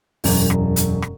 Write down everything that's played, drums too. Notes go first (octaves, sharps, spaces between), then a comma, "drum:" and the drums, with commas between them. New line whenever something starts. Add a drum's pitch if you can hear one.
E1 F#2, drum: open hi-hat
drum: rim click
drum: hi-hat
drum: rim click